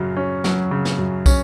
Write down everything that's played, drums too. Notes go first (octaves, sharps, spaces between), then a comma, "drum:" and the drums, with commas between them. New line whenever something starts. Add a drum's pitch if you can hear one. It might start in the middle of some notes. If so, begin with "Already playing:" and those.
Already playing: F#2 C#3 F#3
C#4
F#3, drum: snare
C#3
drum: snare
F#2
C#4, drum: kick, tambourine